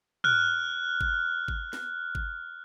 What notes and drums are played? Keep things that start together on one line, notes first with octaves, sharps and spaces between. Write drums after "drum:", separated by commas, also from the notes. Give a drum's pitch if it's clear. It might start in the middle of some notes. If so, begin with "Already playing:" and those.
F6 F#6, drum: tom
drum: kick G#1
drum: kick G#1
drum: snare
drum: kick G#1